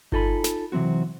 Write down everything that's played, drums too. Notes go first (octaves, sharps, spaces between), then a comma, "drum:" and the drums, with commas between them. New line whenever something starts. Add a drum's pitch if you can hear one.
D#4 F4 A4 G#5 A5 B5, drum: kick G1
drum: snare
C3 E3 F#3 C4 F#4